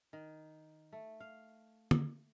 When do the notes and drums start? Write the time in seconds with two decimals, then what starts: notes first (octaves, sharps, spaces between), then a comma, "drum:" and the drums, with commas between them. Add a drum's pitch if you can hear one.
0.13 D#3
0.92 A3
1.20 F5
1.91 drum: tom D3